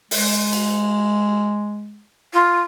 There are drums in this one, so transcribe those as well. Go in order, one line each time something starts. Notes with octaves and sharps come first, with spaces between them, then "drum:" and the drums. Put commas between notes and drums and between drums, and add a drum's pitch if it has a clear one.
G#3, drum: open hi-hat
drum: cymbal
F4